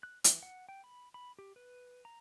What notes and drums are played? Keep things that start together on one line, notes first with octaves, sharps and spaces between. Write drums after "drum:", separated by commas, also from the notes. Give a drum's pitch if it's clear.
F#6
E3, drum: hi-hat
F#5
G5
B5
B5
G4
B4
A#5